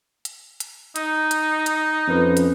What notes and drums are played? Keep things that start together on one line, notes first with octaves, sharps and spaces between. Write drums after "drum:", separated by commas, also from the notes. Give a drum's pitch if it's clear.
drum: hi-hat
drum: hi-hat
D#4, drum: hi-hat
drum: hi-hat
drum: hi-hat
F2 C#4 B4 C5
drum: hi-hat